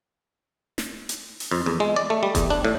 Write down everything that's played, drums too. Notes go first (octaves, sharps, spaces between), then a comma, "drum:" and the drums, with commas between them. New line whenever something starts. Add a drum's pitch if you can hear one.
drum: snare
drum: hi-hat
drum: open hi-hat
F2
E2
G#3
D5
A3
G3
E2, drum: kick E1, hi-hat
D4
A2